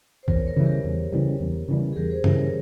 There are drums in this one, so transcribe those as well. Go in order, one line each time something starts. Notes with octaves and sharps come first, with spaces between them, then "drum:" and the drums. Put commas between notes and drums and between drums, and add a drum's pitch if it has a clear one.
C5
E2 A#4 C#5, drum: kick
A#4 C#5
C#3 E3 G3
G4 A#4
E2
C#3 E3 G3
E2
C#3 E3 G3
G#4
E2 G4 A#4
G#4 C5
C#3 E3 G3 A#4 C#5, drum: tom
A#4 C#5